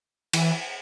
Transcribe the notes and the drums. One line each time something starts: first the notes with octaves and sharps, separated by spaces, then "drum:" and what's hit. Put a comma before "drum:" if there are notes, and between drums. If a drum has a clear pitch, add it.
E3, drum: cymbal